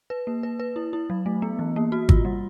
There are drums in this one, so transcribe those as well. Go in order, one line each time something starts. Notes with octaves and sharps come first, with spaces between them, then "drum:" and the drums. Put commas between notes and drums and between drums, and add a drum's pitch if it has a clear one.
B4
A#3
B4
B4
E4
E4
F#3
A3
B3
E3
A#3
F#4
F4, drum: kick G#1
G3